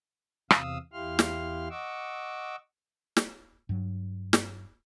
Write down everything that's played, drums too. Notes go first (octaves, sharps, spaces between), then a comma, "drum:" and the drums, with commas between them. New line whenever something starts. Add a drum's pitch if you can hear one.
E2 C3 F5 D#6 E6, drum: rim click
E2 E4 G4 F5 C6 F6
drum: snare
D#5 F#5 C#6 D6 E6
drum: snare
G2 F#3
drum: snare